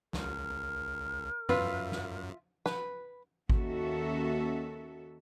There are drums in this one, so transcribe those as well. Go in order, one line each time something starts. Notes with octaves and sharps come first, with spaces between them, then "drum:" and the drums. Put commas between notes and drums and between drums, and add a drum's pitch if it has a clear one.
C#2 A#4, drum: snare
F#2 F4 B4 E5, drum: tom
drum: snare
B4, drum: snare
D#2 D#3 C#4 F#4 A4 E5, drum: kick G#1